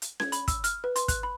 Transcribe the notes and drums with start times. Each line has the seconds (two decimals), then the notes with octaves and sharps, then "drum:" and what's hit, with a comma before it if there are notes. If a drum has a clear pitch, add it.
0.02 drum: hi-hat
0.20 G#6, drum: snare C#4
0.32 B5, drum: hi-hat
0.48 E6, drum: kick, hi-hat
0.64 F6, drum: hi-hat
0.84 B4
0.96 C6, drum: hi-hat
1.08 F#6, drum: kick, hi-hat
1.23 B5